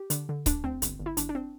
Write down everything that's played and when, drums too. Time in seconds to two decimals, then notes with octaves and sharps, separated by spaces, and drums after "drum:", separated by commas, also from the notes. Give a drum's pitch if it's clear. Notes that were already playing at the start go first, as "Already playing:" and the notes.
Already playing: G4
0.10 D3, drum: hi-hat
0.29 D3
0.46 D2 D4, drum: kick C#1, hi-hat
0.64 D2 C4
0.82 G1, drum: hi-hat
1.00 G1
1.06 E4
1.17 G1 D4, drum: hi-hat
1.29 D4
1.35 C4